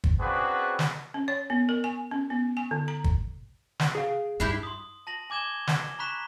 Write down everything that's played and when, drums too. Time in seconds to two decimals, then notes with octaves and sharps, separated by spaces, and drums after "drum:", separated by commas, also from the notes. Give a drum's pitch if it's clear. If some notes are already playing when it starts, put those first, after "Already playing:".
0.04 drum: kick
0.20 C#3 C4 D4 F#4 G#4 B4
0.79 drum: snare
1.14 C#4
1.28 C#5
1.50 B3
1.69 A#4
1.84 G#5
2.11 C#4
2.30 B3
2.57 G#5
2.71 D3
2.88 A#5
3.04 drum: kick
3.80 drum: snare
3.95 G#4 F5
4.40 G2 D4 E4 G4
4.63 C6 D#6
5.07 A5 A#6 F#7
5.30 G#5 D6 G#6 E7 G7
5.67 drum: snare
5.99 A#5 B5 C#6 F#6 B6 E7